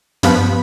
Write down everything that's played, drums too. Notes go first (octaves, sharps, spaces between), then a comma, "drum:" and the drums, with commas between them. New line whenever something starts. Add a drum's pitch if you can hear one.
G2 F3 B3 B5, drum: snare